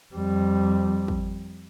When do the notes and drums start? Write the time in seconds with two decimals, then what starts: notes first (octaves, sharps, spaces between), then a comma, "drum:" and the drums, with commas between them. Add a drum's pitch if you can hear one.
0.15 F2 G3
1.08 drum: kick